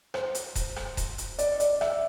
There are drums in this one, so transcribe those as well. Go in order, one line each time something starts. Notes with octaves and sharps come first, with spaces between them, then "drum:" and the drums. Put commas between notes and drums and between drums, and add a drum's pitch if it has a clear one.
C5, drum: rim click
drum: hi-hat
drum: kick D#1, hi-hat
drum: rim click
drum: kick D#1, hi-hat
drum: hi-hat
D5, drum: hi-hat
D5, drum: hi-hat
E5, drum: rim click